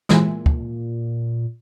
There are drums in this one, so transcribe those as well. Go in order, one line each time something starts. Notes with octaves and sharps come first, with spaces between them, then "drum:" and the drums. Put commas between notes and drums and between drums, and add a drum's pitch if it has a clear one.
A#2 E3 G#3, drum: snare
drum: kick